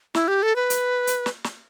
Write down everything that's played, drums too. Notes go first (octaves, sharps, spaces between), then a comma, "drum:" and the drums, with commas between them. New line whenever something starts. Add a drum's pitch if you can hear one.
E4, drum: snare
G4
A4
B4
drum: hi-hat
drum: hi-hat
drum: snare
drum: snare